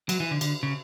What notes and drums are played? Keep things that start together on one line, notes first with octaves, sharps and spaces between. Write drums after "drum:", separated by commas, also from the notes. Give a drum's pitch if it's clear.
F#3, drum: cymbal
E3
D3
D3, drum: cymbal
C#3